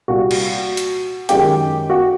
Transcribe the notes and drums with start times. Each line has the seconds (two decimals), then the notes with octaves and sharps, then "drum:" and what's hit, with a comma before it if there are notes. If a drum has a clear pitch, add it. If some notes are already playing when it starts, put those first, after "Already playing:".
0.08 C2 A#2 G3 F#4
0.31 drum: cymbal
0.77 drum: hi-hat
1.29 F#2 D#3 G#3 C#4 G4, drum: hi-hat
1.90 F#4